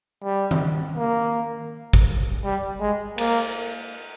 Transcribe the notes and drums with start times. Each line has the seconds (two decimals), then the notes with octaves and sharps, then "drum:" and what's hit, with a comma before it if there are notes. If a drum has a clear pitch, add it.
0.24 G3
0.51 drum: tom D#3
0.97 A#3
1.93 drum: kick
2.44 G3
2.80 G#3
3.18 A#3, drum: cymbal